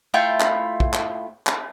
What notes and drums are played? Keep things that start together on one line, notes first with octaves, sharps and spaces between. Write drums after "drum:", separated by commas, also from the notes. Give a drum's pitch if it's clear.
A3 E4 F4 G5
drum: clap
drum: kick
drum: clap
drum: clap